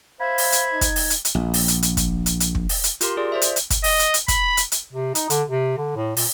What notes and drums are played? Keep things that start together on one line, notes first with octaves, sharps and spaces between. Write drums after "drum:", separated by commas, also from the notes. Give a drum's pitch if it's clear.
C5 E5 F5 B5 G#6
drum: open hi-hat
drum: hi-hat
D#4
drum: kick, hi-hat
drum: open hi-hat
drum: hi-hat
drum: hi-hat
A#1
drum: open hi-hat
drum: hi-hat
drum: hi-hat
drum: kick, hi-hat
drum: hi-hat
drum: hi-hat
drum: kick
drum: open hi-hat
drum: hi-hat
F4 G4 A#4 C6, drum: hi-hat
F4 G#4 D5
C5 D5 E5
drum: hi-hat
drum: hi-hat
drum: kick, hi-hat
D#5, drum: open hi-hat
drum: hi-hat
drum: hi-hat
B5, drum: kick, hi-hat
drum: hi-hat
drum: hi-hat
C3
D#4, drum: hi-hat
D3, drum: hi-hat
C3
D3
A2
A#2, drum: open hi-hat